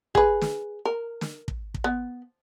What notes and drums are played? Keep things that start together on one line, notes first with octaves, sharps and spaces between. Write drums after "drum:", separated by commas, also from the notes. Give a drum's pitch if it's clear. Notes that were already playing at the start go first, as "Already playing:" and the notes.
G#4 B4, drum: kick
drum: snare
A#4
drum: snare
drum: kick
drum: kick
B3